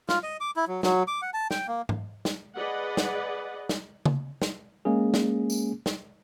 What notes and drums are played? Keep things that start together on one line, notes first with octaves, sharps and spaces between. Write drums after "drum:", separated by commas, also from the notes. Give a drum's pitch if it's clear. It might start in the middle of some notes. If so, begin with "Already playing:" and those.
F4, drum: snare
D#5
D6
E4
F#3
F#3, drum: snare
D6
F#5
A5
G5, drum: snare
A#3
drum: tom G#2
drum: snare
G#4 B4 D5 D#5 F#5
drum: snare
drum: snare
drum: tom C#3
drum: snare
G#3 A#3 C#4 G#4
drum: snare
drum: tambourine
drum: snare